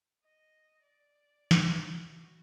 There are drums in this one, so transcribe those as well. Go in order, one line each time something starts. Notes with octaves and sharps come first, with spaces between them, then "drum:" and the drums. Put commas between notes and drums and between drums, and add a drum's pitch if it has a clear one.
D#5
D5
drum: snare
F#4